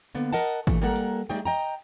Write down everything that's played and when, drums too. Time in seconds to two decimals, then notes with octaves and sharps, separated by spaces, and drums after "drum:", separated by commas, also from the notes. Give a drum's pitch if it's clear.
0.15 D3 A#3 B3
0.33 A#4 D#5 F#5 A5
0.67 A#2 E3 A3, drum: kick G#1, hi-hat
0.81 G3 A#3 A4 A#4 F#5
0.96 drum: hi-hat
1.29 G3 A3 D#4 G4 G#4 G5
1.46 D#5 G5 A#5